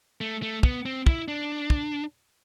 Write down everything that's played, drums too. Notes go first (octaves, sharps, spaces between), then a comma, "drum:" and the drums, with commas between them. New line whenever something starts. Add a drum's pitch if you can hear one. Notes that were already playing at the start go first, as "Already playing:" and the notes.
A3
A3
B3, drum: kick
C4
E4, drum: kick
D4
drum: kick